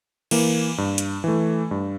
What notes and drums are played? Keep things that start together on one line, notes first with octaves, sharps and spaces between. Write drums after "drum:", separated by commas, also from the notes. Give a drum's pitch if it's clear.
E3 A#3, drum: cymbal
G2
drum: hi-hat
E3 A3
G2